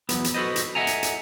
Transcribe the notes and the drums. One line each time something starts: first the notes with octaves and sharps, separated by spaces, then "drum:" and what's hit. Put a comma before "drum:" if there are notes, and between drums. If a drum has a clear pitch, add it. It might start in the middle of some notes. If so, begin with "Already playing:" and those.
E2 F#3 B3, drum: hi-hat
drum: hi-hat
F#4 A4 B4 C5 D#5
drum: hi-hat
A4 D#5 E5 F#5 G#5 A#5
drum: hi-hat
drum: hi-hat